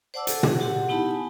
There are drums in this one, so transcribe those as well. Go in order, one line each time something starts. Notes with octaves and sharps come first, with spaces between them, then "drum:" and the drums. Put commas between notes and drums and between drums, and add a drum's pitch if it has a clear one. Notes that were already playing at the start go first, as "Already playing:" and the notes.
C5 D5 F#5 A5 D6 E6
A4, drum: hi-hat
G#4 F#5, drum: tom
F#4 G4 F#5 C6
B3 D#4 E4 G4 A5 B5
G#5